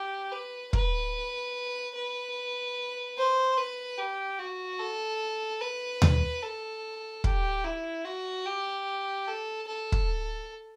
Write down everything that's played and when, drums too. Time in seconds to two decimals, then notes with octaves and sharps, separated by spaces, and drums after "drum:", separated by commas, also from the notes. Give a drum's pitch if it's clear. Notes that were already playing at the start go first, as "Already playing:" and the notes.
Already playing: G4
0.32 B4
0.73 B4, drum: kick
1.94 B4
3.17 C5
3.57 B4
3.98 G4
4.39 F#4
4.79 A4
5.61 B4
6.02 drum: tom D#2
6.42 A4
7.24 G4, drum: kick
7.64 E4
8.05 F#4
8.46 G4
9.27 A4
9.68 A4
9.92 drum: kick